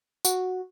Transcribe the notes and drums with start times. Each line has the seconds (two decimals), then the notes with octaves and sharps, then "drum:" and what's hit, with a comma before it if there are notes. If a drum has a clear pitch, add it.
0.25 F#4, drum: tambourine